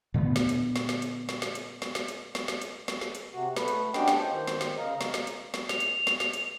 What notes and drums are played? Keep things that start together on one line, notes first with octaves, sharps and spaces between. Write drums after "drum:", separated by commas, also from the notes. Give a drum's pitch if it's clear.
A#2 D3 A3 B3
drum: snare
drum: hi-hat
drum: snare
drum: snare
drum: hi-hat
drum: snare
drum: snare
drum: hi-hat
drum: snare
drum: snare
drum: hi-hat
drum: snare
drum: snare
drum: hi-hat
drum: snare
drum: snare
drum: hi-hat
C3 F#4
A3 B4, drum: snare
drum: hi-hat
C#4 D4 F#4 G4 D#5 G5, drum: snare
drum: snare
F4 C5
D#3 C5
drum: snare
drum: snare
C#3 D#5 F5 A#5
drum: snare
drum: snare
drum: hi-hat
drum: snare
F7, drum: snare
drum: hi-hat
drum: snare
drum: snare
drum: hi-hat